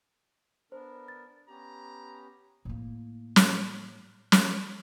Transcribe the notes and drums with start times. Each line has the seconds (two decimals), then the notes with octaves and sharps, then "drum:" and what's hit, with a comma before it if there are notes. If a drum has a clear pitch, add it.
0.72 B3 D4 A#4 C5
1.08 A6
1.48 B3 C#4 G4 A#5
2.65 A2 A#3
3.36 drum: snare
4.32 drum: snare